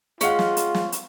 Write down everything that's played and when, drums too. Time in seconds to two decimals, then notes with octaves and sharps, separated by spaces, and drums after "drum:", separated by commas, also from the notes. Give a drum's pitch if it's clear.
0.21 G#3 C#4 F4 F5 F#5, drum: hi-hat
0.39 drum: snare
0.57 drum: hi-hat
0.74 drum: snare
0.92 drum: hi-hat